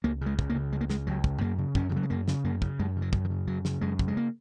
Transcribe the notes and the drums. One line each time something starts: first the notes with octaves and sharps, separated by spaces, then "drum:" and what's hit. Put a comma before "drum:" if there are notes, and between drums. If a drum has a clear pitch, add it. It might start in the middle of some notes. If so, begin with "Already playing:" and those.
C#2 A#3
C#3 G#3
C#2, drum: kick
A#3
C#3
C#2 G#3
A#3
C#3 G#3, drum: snare
C#2 F#3
C#3, drum: kick
F#2 A#3
C#3
F#2 C#4, drum: kick
D#3
C#3 F#3
G#3
F#2 A#3
C#3, drum: snare
F#2 A#3
C#3, drum: kick
F#2 G#3
C#3
F#3
F#2, drum: kick
D#3
C#3
F#2 F#3
C#3, drum: snare
F#2 G#3
C#3, drum: kick
G#3
A#3